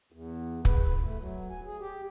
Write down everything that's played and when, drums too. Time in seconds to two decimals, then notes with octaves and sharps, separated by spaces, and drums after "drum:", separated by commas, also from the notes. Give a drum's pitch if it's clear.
0.12 E2
0.65 B4, drum: kick
1.04 A3
1.20 F#3
1.50 G#5
1.66 G#4
1.81 G4